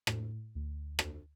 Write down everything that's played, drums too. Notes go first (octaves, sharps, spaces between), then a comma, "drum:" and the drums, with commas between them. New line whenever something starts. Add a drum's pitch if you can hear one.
A2, drum: rim click
D2
drum: rim click